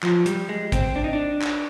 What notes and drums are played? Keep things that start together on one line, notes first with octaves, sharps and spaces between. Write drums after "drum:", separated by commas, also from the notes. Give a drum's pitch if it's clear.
F3, drum: clap
G3, drum: hi-hat
G#3
C4, drum: kick, hi-hat
D4
D#4
D4
drum: clap